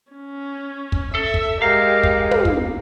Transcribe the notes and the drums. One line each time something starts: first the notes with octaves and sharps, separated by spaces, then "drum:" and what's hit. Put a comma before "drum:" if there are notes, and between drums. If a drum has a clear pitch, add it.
C#4
drum: kick
A4 E5
drum: kick
G#3 G4 A#4 F5
drum: kick
drum: tom
drum: kick